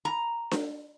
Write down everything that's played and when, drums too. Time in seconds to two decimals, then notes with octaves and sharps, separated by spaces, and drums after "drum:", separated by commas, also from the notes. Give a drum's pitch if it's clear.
0.05 A#5
0.51 drum: snare D4